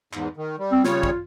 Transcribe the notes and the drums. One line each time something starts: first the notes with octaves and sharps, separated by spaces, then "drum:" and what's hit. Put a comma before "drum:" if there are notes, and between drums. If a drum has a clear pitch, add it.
E2 G#2, drum: clap
D#3
G3
C4
C#3 G3 F4 C#5, drum: snare
drum: kick